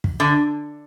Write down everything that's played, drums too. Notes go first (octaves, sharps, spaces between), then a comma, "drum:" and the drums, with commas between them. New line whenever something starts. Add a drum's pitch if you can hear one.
drum: kick
D3